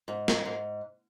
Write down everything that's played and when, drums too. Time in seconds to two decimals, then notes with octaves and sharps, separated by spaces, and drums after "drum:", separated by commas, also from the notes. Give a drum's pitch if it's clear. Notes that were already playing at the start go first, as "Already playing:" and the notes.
0.08 G#2
0.28 drum: snare
0.45 G#2